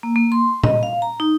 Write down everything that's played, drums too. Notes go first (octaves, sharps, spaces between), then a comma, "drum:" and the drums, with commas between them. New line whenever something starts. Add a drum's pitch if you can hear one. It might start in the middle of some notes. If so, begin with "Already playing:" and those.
A#3
A#3
C6
D#5, drum: tom A#2
F5
A#5
D#4